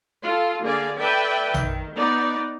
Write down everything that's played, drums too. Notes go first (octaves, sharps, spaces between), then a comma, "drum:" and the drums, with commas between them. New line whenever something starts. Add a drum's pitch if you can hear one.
F4 A4
D3 A#3 G#4 D5 F5
A4 B4 D5 E5 G5
D#3, drum: tom A#1
B3 D#4 D5